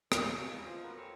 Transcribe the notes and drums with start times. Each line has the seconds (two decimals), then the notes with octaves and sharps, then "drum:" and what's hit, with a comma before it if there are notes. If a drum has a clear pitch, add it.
0.12 F2 G#2 D#3, drum: rim click
0.26 F3 F#3
0.47 A#3 B3 D#4 E4 G#4
0.65 F3
0.83 C#4 F#4 A#4 B4
0.96 A#2 A3 C4 G4 C#5